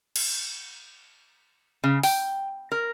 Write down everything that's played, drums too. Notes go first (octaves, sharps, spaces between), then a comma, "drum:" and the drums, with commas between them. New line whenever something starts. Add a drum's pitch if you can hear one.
drum: cymbal
C#3
G5, drum: open hi-hat
A#4